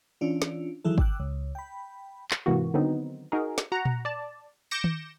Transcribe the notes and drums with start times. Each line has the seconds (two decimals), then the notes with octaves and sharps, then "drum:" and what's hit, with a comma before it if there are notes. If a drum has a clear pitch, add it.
0.21 E3 C#4 D4 F4
0.42 drum: snare
0.85 D#3 E3 F#3 E4 G#4 A4
0.98 G5 D6 E6 F#6, drum: kick
1.20 C#2
1.55 G5 B5
2.31 drum: clap
2.46 G#2 C3 E3 A#3 F#4
2.74 D3 D#3 F#3 B3 C4 D#4
3.32 D#4 F#4 G#4 A#4
3.58 drum: snare
3.72 F#4 F#5 A#5
3.85 drum: tom A#2
4.05 D5 A5
4.71 D6 G6 A#6 C#7 E7
4.84 drum: tom D#3